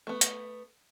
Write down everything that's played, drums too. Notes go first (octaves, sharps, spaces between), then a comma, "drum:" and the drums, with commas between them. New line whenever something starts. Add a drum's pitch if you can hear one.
A3 B3
drum: hi-hat